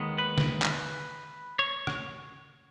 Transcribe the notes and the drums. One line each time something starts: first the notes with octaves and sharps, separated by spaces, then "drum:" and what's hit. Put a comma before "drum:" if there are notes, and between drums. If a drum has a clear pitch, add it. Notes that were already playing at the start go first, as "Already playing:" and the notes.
Already playing: D#2 D#3 G#3 B3
B4
drum: snare
drum: clap
C#5
drum: rim click